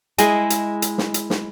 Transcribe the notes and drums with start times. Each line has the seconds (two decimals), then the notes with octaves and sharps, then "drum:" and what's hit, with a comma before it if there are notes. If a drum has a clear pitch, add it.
0.18 G#3 E4 G#4 D#5 G5 G#5, drum: hi-hat
0.50 drum: hi-hat
0.82 drum: hi-hat
0.98 drum: snare
1.14 drum: hi-hat
1.30 drum: snare